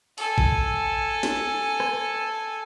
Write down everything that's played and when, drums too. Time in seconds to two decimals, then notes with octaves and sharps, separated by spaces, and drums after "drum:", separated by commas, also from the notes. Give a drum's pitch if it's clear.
0.18 A4 G#5, drum: open hi-hat
0.38 drum: kick
1.23 drum: snare
1.80 drum: rim click